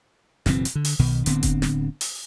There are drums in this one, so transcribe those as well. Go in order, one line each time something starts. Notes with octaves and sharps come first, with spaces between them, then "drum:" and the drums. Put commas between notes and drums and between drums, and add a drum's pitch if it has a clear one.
F#1 B2 E3 C4, drum: snare
drum: hi-hat
D3
drum: open hi-hat
B1 B2 D#3
D1 D3 B3 C4, drum: hi-hat
drum: kick F1, hi-hat
drum: snare
drum: open hi-hat